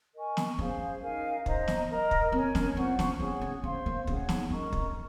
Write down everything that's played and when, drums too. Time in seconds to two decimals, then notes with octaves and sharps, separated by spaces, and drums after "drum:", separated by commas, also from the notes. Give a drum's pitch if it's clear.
0.15 A#4 D#5 G#5 C#6
0.37 drum: snare
0.58 C#4 G#4 C5 F5
1.02 D#4 A#4 F5 G#5
1.46 C5 D#5 A#5, drum: kick
1.68 drum: snare
1.89 A#4 D#5 A#5
2.11 drum: kick
2.32 C4 A#4 C#5 G#5
2.55 C#4, drum: snare
2.77 C4 F4 C5 F#5 C#6
2.99 C#4, drum: snare
3.20 C#4 G#4 C#5 F#5
3.41 C#4
3.64 C#4 C5 F5 C6
3.86 A#3
4.07 C#4 G#4 C#5 F#5, drum: kick
4.29 D#4, drum: snare
4.51 C#4 A#4 D#5 A#5 C#6
4.73 C#4, drum: kick